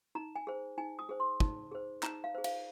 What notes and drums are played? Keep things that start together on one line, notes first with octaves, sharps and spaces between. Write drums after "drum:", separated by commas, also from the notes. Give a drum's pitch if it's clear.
D#4 A#5
G#5
G#4 C5
D#4 G#5
D#6
G#4 C5
C6
D#4, drum: kick
G#4 C5
D#4 A#5, drum: clap
F5
G#4 C5
F5, drum: cymbal